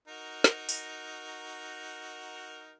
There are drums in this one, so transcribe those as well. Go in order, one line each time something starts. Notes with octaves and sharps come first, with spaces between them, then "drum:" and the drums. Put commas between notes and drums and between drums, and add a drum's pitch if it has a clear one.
D#4 F#4 A#4
drum: snare
drum: open hi-hat